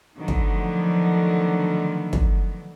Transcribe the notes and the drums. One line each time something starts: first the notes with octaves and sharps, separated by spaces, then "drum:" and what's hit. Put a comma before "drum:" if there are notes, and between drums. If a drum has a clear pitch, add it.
D3 D#3 F3 F#3 A3 B3
drum: kick
drum: kick